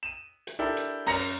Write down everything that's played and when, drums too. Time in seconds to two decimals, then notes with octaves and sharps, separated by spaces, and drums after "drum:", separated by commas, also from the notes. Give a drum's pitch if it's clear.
0.03 D#7 E7
0.47 drum: hi-hat
0.59 D4 E4 G4 A4 A#4
0.77 drum: hi-hat
1.06 F#2 A#5 A#6 C#7 F7, drum: open hi-hat